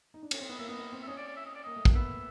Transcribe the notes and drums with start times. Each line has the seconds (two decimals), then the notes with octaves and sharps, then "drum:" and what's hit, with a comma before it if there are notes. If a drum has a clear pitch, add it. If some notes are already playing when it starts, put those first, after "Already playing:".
0.14 D#4
0.23 D4
0.31 C#4, drum: cymbal
0.40 C4
0.49 B3 D#5
0.59 A#3 E5
0.68 B3 D#5
0.79 B3
0.92 C4
1.03 E5
1.08 C#4 D#5
1.17 D5
1.27 D5
1.37 E5
1.46 D#5
1.55 D5
1.64 A#3 D#5
1.76 A3
1.85 A#3, drum: kick
1.95 B3 E5